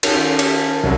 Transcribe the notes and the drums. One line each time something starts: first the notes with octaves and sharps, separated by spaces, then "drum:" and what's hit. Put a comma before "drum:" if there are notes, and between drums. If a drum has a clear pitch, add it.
D#3 C#4 A4, drum: cymbal
drum: cymbal
C2 F#3